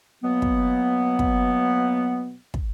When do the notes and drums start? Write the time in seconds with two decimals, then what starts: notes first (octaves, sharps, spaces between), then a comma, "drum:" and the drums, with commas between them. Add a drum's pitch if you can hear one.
0.23 B2 F#3 A#3 B3
0.42 drum: kick
1.19 drum: kick
2.54 drum: kick